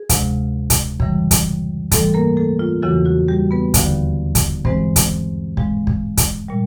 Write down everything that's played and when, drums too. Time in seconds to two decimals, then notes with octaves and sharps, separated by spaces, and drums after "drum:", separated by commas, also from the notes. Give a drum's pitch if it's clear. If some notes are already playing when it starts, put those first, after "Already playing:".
Already playing: G#4
0.09 D2 C3 F3 G#3, drum: kick, hi-hat
0.70 drum: kick, hi-hat
1.00 F#2 C#3 E3 G3, drum: kick
1.31 drum: kick, hi-hat
1.91 G#2 E3 G3 A3 A4, drum: kick, hi-hat
2.14 A#3 A#4
2.37 A3 A4
2.59 F4
2.82 E2 C#3 E3 F#3 F#4
3.05 F#3 F#4
3.28 G3 G4
3.51 B3 B4
3.74 D#2 D3 F3, drum: kick, hi-hat
4.35 drum: kick, hi-hat
4.65 G2 E3 G#3 C4 C5, drum: kick
4.96 drum: kick, hi-hat
5.57 G#2 F3 G#3, drum: kick
5.87 drum: kick
6.17 drum: kick, hi-hat
6.48 A#2 G3